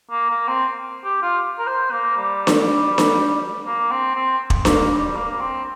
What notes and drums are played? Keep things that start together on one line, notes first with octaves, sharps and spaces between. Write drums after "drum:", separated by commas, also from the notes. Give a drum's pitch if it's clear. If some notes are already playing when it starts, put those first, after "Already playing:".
A#3
A#3
C4
G4
F4
A#4
C5
A#3
G3
drum: snare D4
drum: snare D4
A#3
C4
C4
drum: kick
A#3, drum: snare D4
G3
A#3
C4